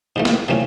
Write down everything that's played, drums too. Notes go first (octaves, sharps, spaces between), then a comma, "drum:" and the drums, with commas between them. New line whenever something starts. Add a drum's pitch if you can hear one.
G#2 E3 A3
drum: snare
C3 E3 A3 C#4